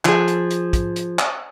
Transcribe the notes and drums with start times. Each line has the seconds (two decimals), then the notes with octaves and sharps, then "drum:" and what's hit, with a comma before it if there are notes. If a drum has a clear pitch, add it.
0.05 F3 G#4, drum: clap
0.28 drum: hi-hat
0.50 drum: hi-hat
0.73 drum: kick, hi-hat
0.96 drum: hi-hat
1.19 drum: clap